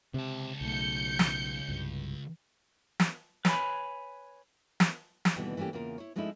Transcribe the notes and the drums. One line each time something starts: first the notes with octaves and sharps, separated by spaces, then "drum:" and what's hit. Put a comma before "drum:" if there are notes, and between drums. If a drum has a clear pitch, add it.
C#2 C3 A5
B1 A3 G6 C#7
drum: snare
C2 G2
drum: snare
B4 C#5 D#5 G#5 B5, drum: snare
drum: snare
drum: snare
D#2 B2 D3 E3 G3 B3
E3 A3 A#3 C#4 G4
E2 C#3 A#3 F4 A#4
E4 C#5
F3 G#3 A3 C#4 D#4 E4